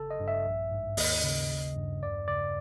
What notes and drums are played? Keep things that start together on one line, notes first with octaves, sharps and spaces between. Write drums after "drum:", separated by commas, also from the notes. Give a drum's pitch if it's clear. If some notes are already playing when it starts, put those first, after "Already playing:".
Already playing: G1 C#3 A4
D#5
G2
E5
A#1
G#2
D#2 D#5, drum: open hi-hat
C#3
G#1
G2
E2 D5
C#3 D5